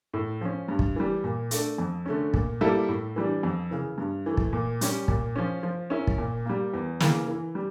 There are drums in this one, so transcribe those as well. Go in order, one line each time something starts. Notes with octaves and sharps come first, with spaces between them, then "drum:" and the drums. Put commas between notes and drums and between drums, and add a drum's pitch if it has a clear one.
A2
F3 C#4
G2
drum: kick
E3 G3
A#2
A3 D4 A4, drum: hi-hat
F2
D3 A3 C#4
A#2, drum: kick
G3 A#3 E4 A4
A2
E3 G3 D4
F2
C#3 E3
G2
E3 A3
drum: kick
A#2
G3 C#4 G4, drum: hi-hat
A#2, drum: kick
F3 C#4
F3
C#4 E4 A#4
drum: kick
A#2
G3 A#3
E2
C#3 E3 A#3, drum: snare
E3
G3